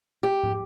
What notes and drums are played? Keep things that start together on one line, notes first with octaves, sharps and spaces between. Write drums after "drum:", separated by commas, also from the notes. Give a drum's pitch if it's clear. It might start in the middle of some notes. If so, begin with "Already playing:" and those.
G4
drum: tom